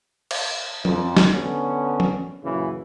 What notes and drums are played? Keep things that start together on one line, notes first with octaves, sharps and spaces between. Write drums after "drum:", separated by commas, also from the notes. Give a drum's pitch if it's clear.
drum: cymbal
F2, drum: tom F3
drum: snare
D3 B3 C#4
drum: tom F3
F#2 A#2 C#3 E3